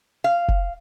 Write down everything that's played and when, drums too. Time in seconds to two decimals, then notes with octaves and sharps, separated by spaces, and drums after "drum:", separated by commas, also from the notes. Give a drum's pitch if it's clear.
0.24 F5
0.48 drum: kick F1